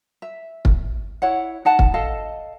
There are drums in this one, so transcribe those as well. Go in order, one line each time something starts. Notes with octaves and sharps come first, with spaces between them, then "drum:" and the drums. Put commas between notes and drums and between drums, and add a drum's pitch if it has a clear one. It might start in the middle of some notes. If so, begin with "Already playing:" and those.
E5
drum: kick
E4 C#5 F#5
D#4 F#5 A5
drum: kick
A4 D#5 F5 A5